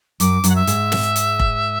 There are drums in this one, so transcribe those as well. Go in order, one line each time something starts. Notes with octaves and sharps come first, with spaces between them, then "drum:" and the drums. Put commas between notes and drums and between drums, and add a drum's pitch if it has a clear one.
F#2 F#3 D6, drum: hi-hat
F#2 F#3, drum: hi-hat
F#5
E5
G#2 G#3, drum: hi-hat
drum: snare
drum: hi-hat
drum: kick F1